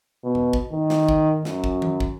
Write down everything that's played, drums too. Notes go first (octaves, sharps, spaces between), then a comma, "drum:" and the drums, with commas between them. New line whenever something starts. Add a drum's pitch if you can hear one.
B2
drum: tom E2
drum: kick
D#3
drum: snare
drum: kick
F#2, drum: snare
drum: kick
drum: tom D#3
drum: kick